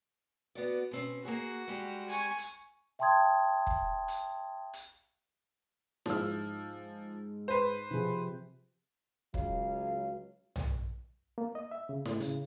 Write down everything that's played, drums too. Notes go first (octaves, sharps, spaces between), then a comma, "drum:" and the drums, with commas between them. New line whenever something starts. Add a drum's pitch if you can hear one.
B3 F#4 D5
B2 C4 C#4
A#3 F#4 G#4
G3 G#3 G4
G#5 C#6, drum: hi-hat
drum: hi-hat
E5 G5 A5 C6 D#6 G#6
drum: kick
drum: hi-hat
drum: hi-hat
G#2 F3 G#4 E6 F6, drum: snare E4
B4 C5
C3 F3 G#4
C#2 F#3 F5, drum: kick
drum: tom B1
A#3
D#5
E5
C#3
A2, drum: snare E4
C#3, drum: hi-hat